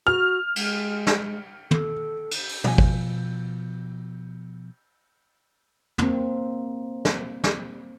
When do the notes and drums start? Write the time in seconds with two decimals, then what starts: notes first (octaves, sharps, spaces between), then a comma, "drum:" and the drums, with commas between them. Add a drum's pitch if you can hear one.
0.07 F#4 F6
0.56 G#3, drum: cymbal
1.07 drum: snare
1.71 A4, drum: tom
2.31 drum: cymbal
2.49 drum: open hi-hat
2.64 B2 F3 G#5, drum: tom
2.78 drum: kick G#1
5.98 A#3 C4, drum: tom
7.05 drum: snare
7.44 drum: snare